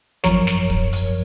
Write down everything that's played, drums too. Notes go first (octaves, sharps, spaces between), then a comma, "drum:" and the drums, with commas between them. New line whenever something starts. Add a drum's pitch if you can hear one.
G#1 F#2 F3 A#4 C#5, drum: snare
drum: snare
drum: kick
drum: hi-hat